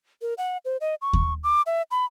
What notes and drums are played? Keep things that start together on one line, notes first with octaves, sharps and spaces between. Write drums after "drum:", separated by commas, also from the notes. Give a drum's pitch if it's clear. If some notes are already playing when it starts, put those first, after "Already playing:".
A#4
F#5
C5
D#5
C#6
drum: kick D#2
D6
E5
B5